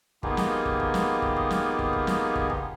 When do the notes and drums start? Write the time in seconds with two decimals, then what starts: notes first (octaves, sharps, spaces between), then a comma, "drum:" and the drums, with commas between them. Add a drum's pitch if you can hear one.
0.23 A#3 B3 D#4 F4 G4 G#4, drum: kick
0.37 drum: snare
0.66 drum: kick
0.80 drum: kick
0.94 drum: snare
1.22 drum: kick
1.36 drum: kick
1.50 drum: snare
1.79 drum: kick
1.93 drum: kick
2.07 drum: snare
2.35 drum: kick
2.50 drum: kick